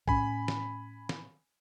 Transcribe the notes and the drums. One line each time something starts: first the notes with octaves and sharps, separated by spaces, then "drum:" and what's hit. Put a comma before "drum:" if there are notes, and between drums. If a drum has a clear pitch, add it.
A2 C#4 G#5 B5, drum: kick B1
drum: snare
drum: snare